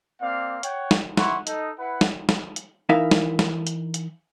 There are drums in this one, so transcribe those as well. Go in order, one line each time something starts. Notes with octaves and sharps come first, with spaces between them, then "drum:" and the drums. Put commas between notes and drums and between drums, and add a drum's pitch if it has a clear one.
A#3 C4 D5 F5
C#5 F#5 G5, drum: hi-hat
drum: snare
E4 F#5 C6 C#6, drum: snare
D#4 A4 D#5, drum: hi-hat
E4 B4 F#5
drum: snare
drum: snare
drum: hi-hat
E3 D#4 E4 A#4 E5 F5
drum: snare
drum: snare
drum: hi-hat
drum: hi-hat